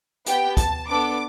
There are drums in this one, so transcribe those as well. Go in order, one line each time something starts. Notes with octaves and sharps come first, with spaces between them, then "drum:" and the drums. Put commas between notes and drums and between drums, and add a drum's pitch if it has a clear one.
B3 G4 G5, drum: hi-hat
A5, drum: kick, hi-hat
B3 D4 A4 D6